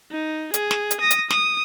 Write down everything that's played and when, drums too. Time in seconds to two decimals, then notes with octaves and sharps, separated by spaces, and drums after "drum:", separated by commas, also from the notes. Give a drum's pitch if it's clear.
0.12 D#4
0.54 G#4, drum: hi-hat
0.71 drum: snare
0.91 drum: hi-hat
1.01 D#6 A#6
1.11 drum: hi-hat
1.30 D#6, drum: snare